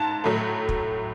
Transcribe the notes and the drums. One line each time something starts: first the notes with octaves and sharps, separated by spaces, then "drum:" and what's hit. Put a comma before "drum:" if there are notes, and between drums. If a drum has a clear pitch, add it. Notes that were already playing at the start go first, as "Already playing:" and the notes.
Already playing: G#2 A5
A2 F#3 A3
drum: kick